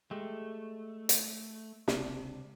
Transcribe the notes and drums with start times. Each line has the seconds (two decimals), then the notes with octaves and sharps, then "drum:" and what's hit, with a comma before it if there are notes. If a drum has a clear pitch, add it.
0.11 G#3 A3 G4
1.09 drum: hi-hat
1.88 C#2 C3 D4, drum: snare